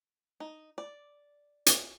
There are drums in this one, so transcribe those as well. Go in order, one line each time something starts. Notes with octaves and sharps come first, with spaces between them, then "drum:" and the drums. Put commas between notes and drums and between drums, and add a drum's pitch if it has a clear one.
D#4
D5
drum: hi-hat